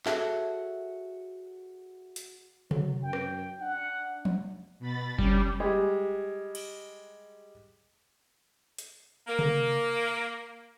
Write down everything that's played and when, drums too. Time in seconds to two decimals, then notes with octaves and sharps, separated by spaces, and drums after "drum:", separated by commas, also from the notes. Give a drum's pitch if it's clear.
0.06 F#4 G#4 A4 C#5 E5, drum: clap
2.16 drum: hi-hat
2.71 F#3, drum: tom C3
3.03 F#2 G5
3.13 drum: rim click
3.61 D4 F#5
4.25 drum: tom
4.79 B2 B5 A6
5.18 G3 C#4 D4, drum: kick F#1
5.60 G3 G#3
6.55 drum: cymbal
8.78 drum: hi-hat
9.28 A#3
9.39 drum: tom C3